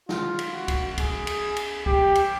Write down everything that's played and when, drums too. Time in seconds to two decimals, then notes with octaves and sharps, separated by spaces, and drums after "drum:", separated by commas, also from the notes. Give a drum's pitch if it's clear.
0.09 F4, drum: snare
0.39 drum: cymbal
0.53 F#4
0.68 drum: kick, cymbal
0.98 G#4, drum: kick, cymbal
1.27 drum: cymbal
1.57 drum: cymbal
1.86 G4, drum: kick
2.15 drum: cymbal